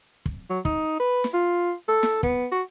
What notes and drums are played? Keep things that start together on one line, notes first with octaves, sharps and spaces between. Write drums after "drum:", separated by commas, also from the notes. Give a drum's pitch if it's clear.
drum: kick
F#3
D#4, drum: kick
B4
drum: snare
F4
A4
drum: snare
B3, drum: kick
F#4